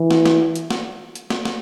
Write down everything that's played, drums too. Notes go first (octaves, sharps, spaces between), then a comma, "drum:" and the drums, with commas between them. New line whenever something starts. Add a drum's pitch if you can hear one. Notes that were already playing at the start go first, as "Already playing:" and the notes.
Already playing: E3
drum: snare
drum: snare
drum: hi-hat
drum: snare
drum: hi-hat
drum: snare
drum: snare